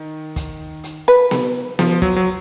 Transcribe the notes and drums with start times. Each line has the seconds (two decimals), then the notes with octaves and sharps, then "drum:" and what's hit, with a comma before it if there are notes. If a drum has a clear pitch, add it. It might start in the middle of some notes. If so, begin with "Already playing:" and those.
Already playing: D#3
0.36 drum: kick, hi-hat
0.84 drum: hi-hat
1.08 B4
1.31 drum: snare B3
1.79 F3, drum: snare B3
2.02 F#3, drum: kick
2.16 F#3